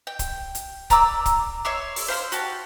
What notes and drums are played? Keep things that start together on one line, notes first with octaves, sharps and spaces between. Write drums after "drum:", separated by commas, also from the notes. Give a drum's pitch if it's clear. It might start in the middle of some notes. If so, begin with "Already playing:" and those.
G5
drum: kick, hi-hat
drum: hi-hat
D5 A#5 D6 E6, drum: kick, hi-hat
drum: kick, hi-hat
C#5 E5 C6 D6
drum: open hi-hat
C5 F5 B5 C6
F#4 G4 A5, drum: hi-hat